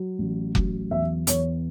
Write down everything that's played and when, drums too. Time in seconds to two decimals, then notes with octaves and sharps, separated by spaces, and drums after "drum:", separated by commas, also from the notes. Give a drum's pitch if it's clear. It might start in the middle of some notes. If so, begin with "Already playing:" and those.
Already playing: F#3
0.19 A1
0.55 F#3, drum: kick F1
0.91 E2 E5
1.27 E2 C#5, drum: hi-hat